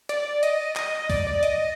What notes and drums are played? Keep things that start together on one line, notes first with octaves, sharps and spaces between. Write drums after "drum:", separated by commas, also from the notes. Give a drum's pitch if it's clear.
D5, drum: hi-hat
D#5, drum: hi-hat
D#5, drum: clap
D5, drum: kick, open hi-hat
D5
D#5, drum: hi-hat